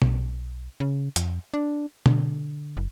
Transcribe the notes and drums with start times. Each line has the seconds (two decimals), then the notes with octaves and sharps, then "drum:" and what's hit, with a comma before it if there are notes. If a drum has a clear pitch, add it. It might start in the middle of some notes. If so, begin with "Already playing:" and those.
0.02 B1, drum: tom B2
0.80 C#3
1.16 F2, drum: hi-hat
1.54 D4
2.06 D3, drum: tom B2
2.77 F#1